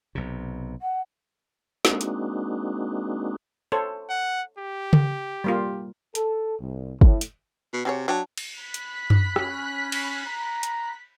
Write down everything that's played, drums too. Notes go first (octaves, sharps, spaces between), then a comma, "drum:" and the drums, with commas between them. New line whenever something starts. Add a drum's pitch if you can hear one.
B1 C3
F#5
G#3 A#3 C4 D4 D#4 F#4, drum: snare
drum: hi-hat
A4 C5 C#5
F#5
G4
drum: tom C#3
G3 A#3 F4
A4, drum: hi-hat
C2
A2, drum: kick
drum: hi-hat
B2
C3 F#4 G#4 C#5
F#3 D4 G5 A5
drum: cymbal
B5 F#6 B6
drum: hi-hat
drum: tom F#2
C#4, drum: rim click
drum: cymbal
A#5
drum: hi-hat